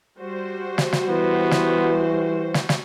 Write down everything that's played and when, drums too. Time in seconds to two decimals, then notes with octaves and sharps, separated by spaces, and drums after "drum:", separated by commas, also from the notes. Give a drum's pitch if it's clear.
0.19 G3 F#4 C5
0.78 drum: snare
0.93 drum: snare
1.09 E3 B3
1.51 drum: snare
2.54 drum: snare
2.69 drum: snare